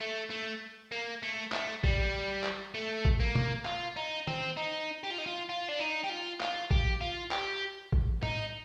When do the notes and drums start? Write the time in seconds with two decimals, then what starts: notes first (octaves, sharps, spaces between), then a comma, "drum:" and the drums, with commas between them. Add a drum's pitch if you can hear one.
0.01 A3
0.31 A3
0.92 A#3
1.23 A3
1.52 A3, drum: clap
1.84 G3, drum: kick A1
2.44 drum: clap
2.74 A3
3.05 drum: kick A1
3.20 A#3
3.35 drum: tom
3.65 F4, drum: clap
3.97 D#4
4.27 C4, drum: tom
4.57 D#4
5.04 G4
5.10 F4
5.18 D#4
5.26 F4
5.49 F4
5.68 D4
5.79 D#4
6.04 G4
6.09 F4
6.41 F4, drum: clap
6.71 G4, drum: kick A1
7.01 F4
7.31 G4, drum: clap
7.92 drum: kick A1
8.23 D#4, drum: tom